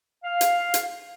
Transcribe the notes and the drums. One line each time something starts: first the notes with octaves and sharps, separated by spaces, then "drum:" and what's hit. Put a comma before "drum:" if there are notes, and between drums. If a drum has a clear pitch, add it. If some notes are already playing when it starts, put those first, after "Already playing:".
F5
drum: hi-hat
drum: hi-hat